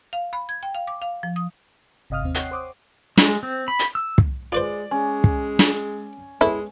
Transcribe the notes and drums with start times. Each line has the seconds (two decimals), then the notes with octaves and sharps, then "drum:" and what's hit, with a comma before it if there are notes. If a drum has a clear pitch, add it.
0.13 F5
0.33 B5
0.49 G#6
0.63 G5
0.75 F5
0.87 D6
1.02 F5
1.23 F3
1.36 D#6
2.10 G1 C3 D#5 F5 D#6 F6
2.23 D#2 C4
2.35 C#5 D#5 F#5 G5 F#6 C7, drum: hi-hat
2.51 C5 D6 D#6
3.17 G#3, drum: snare
3.43 C4
3.68 B5
3.79 drum: hi-hat
3.95 E6
4.18 drum: kick
4.52 G#3 F4 B4 C5 D5
4.91 G#3 C#4
5.24 drum: kick
5.59 drum: snare
6.41 G#3 B3 C#4 E4 A4